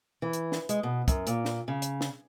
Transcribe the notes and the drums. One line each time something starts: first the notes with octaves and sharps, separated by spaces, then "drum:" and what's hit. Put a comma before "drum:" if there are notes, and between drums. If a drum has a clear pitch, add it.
E3
drum: hi-hat
drum: snare
G#3, drum: hi-hat
B2
F#2, drum: kick, hi-hat
A#2, drum: hi-hat
drum: snare
C#3
drum: hi-hat
drum: snare